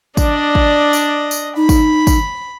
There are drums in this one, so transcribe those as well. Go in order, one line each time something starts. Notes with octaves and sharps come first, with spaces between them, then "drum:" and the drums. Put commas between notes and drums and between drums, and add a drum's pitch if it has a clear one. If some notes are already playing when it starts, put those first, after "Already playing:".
D4 D5 D#5, drum: kick, tambourine
drum: kick
drum: tambourine
drum: tambourine
D#4 B5
drum: kick, tambourine
drum: kick, tambourine